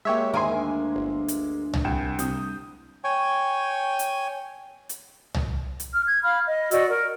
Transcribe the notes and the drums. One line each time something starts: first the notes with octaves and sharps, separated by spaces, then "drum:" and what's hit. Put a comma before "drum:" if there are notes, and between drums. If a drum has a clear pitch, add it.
G#3 A#3 G4 C#5 E5
D2 D#3 A#4 E5 G#5 C6
G1
drum: hi-hat
drum: tom
C2 G5 E7
C2 D#6 G6, drum: hi-hat
C#5 G5 G#5 C#6
drum: hi-hat
drum: hi-hat
drum: tom
drum: hi-hat
F6
G#6
F5 B5 F6
D#5
F#4 D5 D#5 E6, drum: hi-hat
A#4